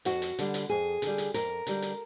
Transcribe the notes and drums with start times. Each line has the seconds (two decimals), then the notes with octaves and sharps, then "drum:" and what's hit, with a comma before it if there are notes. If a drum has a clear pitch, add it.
0.05 F2 F#4, drum: hi-hat
0.22 drum: hi-hat
0.39 D3 G3, drum: hi-hat
0.54 drum: hi-hat
0.69 F2 G#4
1.02 D3 G3, drum: hi-hat
1.18 drum: hi-hat
1.34 F2 A#4, drum: hi-hat
1.67 D3 G3, drum: hi-hat
1.82 drum: hi-hat